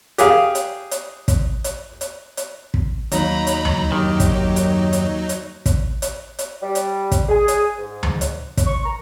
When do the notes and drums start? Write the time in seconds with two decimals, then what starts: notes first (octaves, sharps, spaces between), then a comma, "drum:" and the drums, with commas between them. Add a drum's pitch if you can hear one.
0.18 G4 G#4 F5, drum: hi-hat
0.55 drum: hi-hat
0.91 drum: hi-hat
1.28 drum: kick, hi-hat
1.64 drum: hi-hat
2.01 drum: hi-hat
2.37 drum: hi-hat
2.74 drum: kick
3.12 D#2 F#3 D#4 A#5 B5, drum: hi-hat
3.47 drum: hi-hat
3.65 drum: tom D2
3.92 F#2 D#3 G4
4.20 drum: kick, hi-hat
4.56 drum: hi-hat
4.93 drum: hi-hat
5.29 drum: hi-hat
5.66 drum: kick, hi-hat
6.02 drum: hi-hat
6.39 drum: hi-hat
6.61 G3
6.75 drum: hi-hat
7.12 drum: kick, hi-hat
7.29 G#4
7.48 drum: hi-hat
7.78 G#2
8.03 drum: tom D2
8.21 drum: hi-hat
8.57 drum: kick, hi-hat
8.67 C#6
8.85 A#5